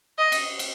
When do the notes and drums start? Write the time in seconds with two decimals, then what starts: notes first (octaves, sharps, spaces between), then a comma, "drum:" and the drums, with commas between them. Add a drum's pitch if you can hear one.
0.18 D#5
0.32 drum: cymbal
0.59 drum: cymbal